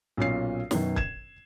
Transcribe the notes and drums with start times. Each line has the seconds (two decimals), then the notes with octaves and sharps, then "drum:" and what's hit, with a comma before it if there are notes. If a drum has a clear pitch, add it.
0.17 B1 A#2 C#4 C7
0.71 F#2 B2 D#3, drum: snare
0.96 G#6 E7, drum: kick